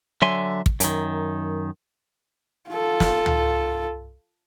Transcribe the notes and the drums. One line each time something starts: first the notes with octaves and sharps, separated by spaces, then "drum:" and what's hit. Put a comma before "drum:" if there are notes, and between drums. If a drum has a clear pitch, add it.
D3 F#3 E5 G#5 C6
drum: kick
F#2 D#3, drum: hi-hat
F4 A4
drum: snare
drum: tom C#2